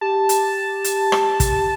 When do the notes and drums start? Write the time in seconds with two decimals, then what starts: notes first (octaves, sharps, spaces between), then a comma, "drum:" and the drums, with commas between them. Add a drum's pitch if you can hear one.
0.01 G4 A5
0.29 drum: hi-hat
0.84 drum: hi-hat
1.12 drum: rim click
1.40 drum: kick, hi-hat